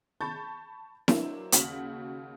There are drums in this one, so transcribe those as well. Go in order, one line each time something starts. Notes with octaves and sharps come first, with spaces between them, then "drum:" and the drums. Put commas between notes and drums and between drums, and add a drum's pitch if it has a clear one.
A5 B5 C#6 G6 A6
F#3 A#3 C4 D4 E4, drum: snare E4
D#2 C#3 F#4 B6 F#7, drum: hi-hat